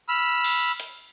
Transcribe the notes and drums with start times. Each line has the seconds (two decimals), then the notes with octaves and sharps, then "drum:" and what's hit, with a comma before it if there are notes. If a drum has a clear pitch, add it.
0.09 B5 E6 F6
0.44 drum: cymbal
0.80 drum: hi-hat